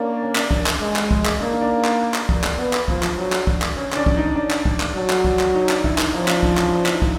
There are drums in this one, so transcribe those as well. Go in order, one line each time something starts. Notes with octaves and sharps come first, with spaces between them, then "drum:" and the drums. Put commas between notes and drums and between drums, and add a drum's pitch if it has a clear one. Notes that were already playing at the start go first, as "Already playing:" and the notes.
Already playing: A#3 C#4 D4
C#4
D4, drum: clap
C#4, drum: kick
drum: clap
G#3
drum: clap
drum: kick
drum: clap
A#3 D4
D#4
D4
drum: clap
drum: clap
drum: kick
drum: clap
B3
drum: clap
F3, drum: kick
drum: clap
F#3
drum: clap
drum: kick
drum: clap
C#4
C#4, drum: clap
D4
drum: kick
D#4
D4
drum: clap
drum: kick
drum: clap
F#3
drum: clap
drum: kick
drum: clap
D#4
D4, drum: clap
E4, drum: kick
D#4, drum: clap
F3 D#4
C#4
D4, drum: clap
drum: kick
C#4, drum: clap
D4
E4, drum: clap
D#4
drum: kick